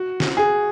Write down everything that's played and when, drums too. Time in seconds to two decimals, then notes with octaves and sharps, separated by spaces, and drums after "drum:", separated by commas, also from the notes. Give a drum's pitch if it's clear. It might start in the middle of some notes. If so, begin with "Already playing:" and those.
Already playing: F#4
0.20 drum: snare
0.37 G#4